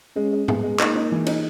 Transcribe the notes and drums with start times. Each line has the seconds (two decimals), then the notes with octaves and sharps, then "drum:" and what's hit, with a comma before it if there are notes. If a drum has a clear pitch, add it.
0.16 G#3 C#4
0.32 G#3
0.48 G#3 B3, drum: tom
0.63 G#3
0.79 A#3 D#4, drum: clap
0.95 D#4
1.12 E3
1.27 D#4, drum: cymbal